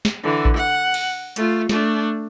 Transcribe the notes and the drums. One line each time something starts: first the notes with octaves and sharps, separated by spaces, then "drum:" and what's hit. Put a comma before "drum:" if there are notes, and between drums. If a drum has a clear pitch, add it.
drum: snare
D3 E3
drum: kick A1
F#5
drum: cymbal
A3 F4, drum: hi-hat
A3 D4, drum: snare